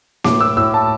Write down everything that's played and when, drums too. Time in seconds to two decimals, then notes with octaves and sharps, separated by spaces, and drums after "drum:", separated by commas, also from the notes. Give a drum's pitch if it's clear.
0.24 A2 D6, drum: snare A#3
0.41 E6
0.57 A2 E6
0.74 A5